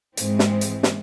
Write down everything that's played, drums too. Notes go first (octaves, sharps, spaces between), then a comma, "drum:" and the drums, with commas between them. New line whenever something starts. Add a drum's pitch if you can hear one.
G#2 E3 G#3 C4, drum: hi-hat
drum: snare
drum: hi-hat
drum: snare